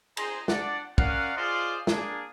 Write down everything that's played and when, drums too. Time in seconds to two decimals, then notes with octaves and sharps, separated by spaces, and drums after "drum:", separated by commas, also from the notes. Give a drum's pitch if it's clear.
0.17 G#4 C5 A#5, drum: cymbal
0.48 D4 D5 F#5, drum: snare
0.98 C#4 A#4 D5 F5 F#5, drum: kick
1.37 F4 G#4 C5 D5 D#5 F5
1.87 A#3 D4 G#4, drum: snare